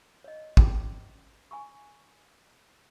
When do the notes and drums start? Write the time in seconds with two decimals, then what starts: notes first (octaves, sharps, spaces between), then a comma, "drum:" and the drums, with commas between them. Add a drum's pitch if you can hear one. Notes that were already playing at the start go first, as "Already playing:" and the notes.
0.24 C#5 D#5
0.57 C#4 C#5 D6, drum: kick
1.51 G#5 B5 C#6